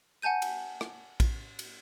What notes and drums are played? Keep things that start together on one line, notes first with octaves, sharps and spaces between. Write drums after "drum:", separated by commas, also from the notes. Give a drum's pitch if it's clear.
F#5 G#5 A5 G6 D#7
drum: cymbal
drum: rim click
drum: kick, cymbal
drum: cymbal